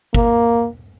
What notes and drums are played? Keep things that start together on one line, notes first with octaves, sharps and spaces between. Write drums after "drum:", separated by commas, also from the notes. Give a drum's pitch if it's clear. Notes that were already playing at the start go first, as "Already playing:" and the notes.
A#3, drum: kick